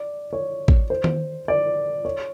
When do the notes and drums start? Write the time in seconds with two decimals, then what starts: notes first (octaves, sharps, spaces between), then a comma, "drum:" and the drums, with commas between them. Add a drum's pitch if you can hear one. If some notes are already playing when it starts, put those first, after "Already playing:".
Already playing: D5
0.33 C#5
0.68 drum: kick A1
0.90 C5
1.04 drum: tom D#3
1.48 D5
2.05 C#5